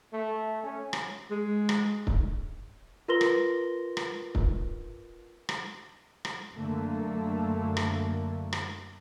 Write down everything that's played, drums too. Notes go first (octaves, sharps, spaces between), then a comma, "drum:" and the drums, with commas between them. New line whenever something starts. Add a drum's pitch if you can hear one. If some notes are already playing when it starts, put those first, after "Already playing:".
A3
C#4
drum: rim click
G#3
drum: rim click
drum: kick
F4 A#4 B4 C6 A#6 G7
drum: rim click
drum: rim click
drum: kick
drum: rim click
drum: rim click
F#2 D3 A3 A#3
drum: rim click
drum: rim click